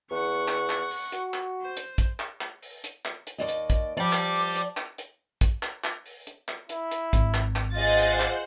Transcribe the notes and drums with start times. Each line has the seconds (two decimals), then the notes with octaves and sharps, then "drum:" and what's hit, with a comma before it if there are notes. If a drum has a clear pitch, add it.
0.11 E2 F#5 C#6
0.48 drum: clap
0.69 drum: clap
0.91 drum: open hi-hat
1.12 F#4, drum: hi-hat
1.34 drum: clap
1.62 C5
1.77 drum: hi-hat
1.98 drum: kick, hi-hat
2.20 drum: clap
2.41 drum: clap
2.62 drum: open hi-hat
2.84 drum: hi-hat
3.05 drum: clap
3.27 drum: hi-hat
3.38 D#2 D5 D#5
3.48 drum: hi-hat
3.70 drum: kick, hi-hat
3.98 F3 D5 G5 D6
4.13 drum: clap
4.34 drum: open hi-hat
4.55 drum: hi-hat
4.77 drum: clap
4.98 drum: hi-hat
5.41 drum: kick, hi-hat
5.63 drum: clap
5.84 drum: clap
6.06 drum: open hi-hat
6.27 drum: hi-hat
6.48 drum: clap
6.69 E4, drum: hi-hat
6.91 drum: hi-hat
7.13 G#1, drum: kick, hi-hat
7.34 drum: clap
7.56 drum: clap
7.73 F4 G#4 C5 D#5 F#5 A6
7.99 drum: hi-hat
8.20 drum: clap